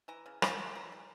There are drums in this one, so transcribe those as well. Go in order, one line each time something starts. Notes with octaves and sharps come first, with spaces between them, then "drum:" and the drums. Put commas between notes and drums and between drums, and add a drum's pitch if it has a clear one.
E3 A#5
C#3
C#3 A#5, drum: rim click
G3
E3 A#5
G3